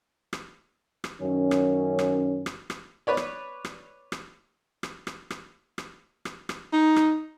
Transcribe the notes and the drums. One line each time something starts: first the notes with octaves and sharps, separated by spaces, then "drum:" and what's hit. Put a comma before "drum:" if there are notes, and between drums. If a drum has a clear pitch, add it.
drum: rim click
drum: rim click
F#2 D#3 C#4
drum: rim click
drum: rim click
drum: rim click
drum: rim click
B4 C#5 D5
drum: rim click
drum: rim click
drum: rim click
drum: rim click
drum: rim click
drum: rim click
drum: rim click
drum: rim click
drum: rim click
D#4
drum: rim click